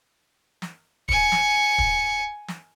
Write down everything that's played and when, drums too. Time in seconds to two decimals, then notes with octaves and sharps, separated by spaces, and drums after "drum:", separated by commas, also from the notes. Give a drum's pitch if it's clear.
0.62 drum: snare
1.09 G#5 C#7, drum: kick
1.32 drum: snare
1.78 drum: kick
2.48 drum: snare